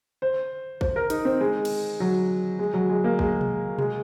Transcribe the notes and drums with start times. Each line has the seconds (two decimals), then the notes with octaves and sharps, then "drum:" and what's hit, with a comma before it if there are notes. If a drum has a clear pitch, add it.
0.22 C5
0.81 C5, drum: kick
0.96 A#4
1.10 D#4, drum: hi-hat
1.25 C4
1.41 G#3
1.65 drum: cymbal
2.00 F#3
2.59 G#3
2.74 F#3
2.89 G#3
3.04 A#3
3.19 G#3, drum: kick
3.41 drum: tom B2
3.79 G#3, drum: tom B2